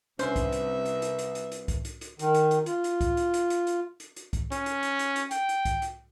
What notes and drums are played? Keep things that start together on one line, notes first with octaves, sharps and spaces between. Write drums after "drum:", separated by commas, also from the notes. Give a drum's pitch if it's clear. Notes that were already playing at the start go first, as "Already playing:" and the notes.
C2 C#4 D4 B4 C5 E5 C6, drum: hi-hat
drum: kick C2, hi-hat
drum: hi-hat
drum: hi-hat
drum: hi-hat
drum: hi-hat
drum: hi-hat
drum: hi-hat
drum: kick C2, hi-hat
drum: hi-hat
drum: hi-hat
D#3, drum: hi-hat
drum: hi-hat
drum: hi-hat
F4, drum: hi-hat
drum: hi-hat
drum: kick C2, hi-hat
drum: hi-hat
drum: hi-hat
drum: hi-hat
drum: hi-hat
drum: hi-hat
drum: hi-hat
drum: kick C2, hi-hat
C#4, drum: hi-hat
drum: hi-hat
drum: hi-hat
drum: hi-hat
drum: hi-hat
G5, drum: hi-hat
drum: hi-hat
drum: kick C2, hi-hat
drum: hi-hat